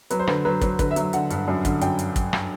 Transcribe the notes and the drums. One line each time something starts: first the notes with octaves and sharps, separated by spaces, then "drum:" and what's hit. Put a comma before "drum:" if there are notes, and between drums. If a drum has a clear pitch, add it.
F#3 B4, drum: hi-hat
C5
D3 B4, drum: rim click
F#3 B4
F#3 B4, drum: kick, hi-hat
D3 B4, drum: kick, hi-hat
E5
F#3, drum: hi-hat
E5
D3 F#5, drum: hi-hat
G2, drum: hi-hat
F#2
D3, drum: kick, hi-hat
F#2 G5, drum: hi-hat
drum: hi-hat
drum: kick, hi-hat
drum: rim click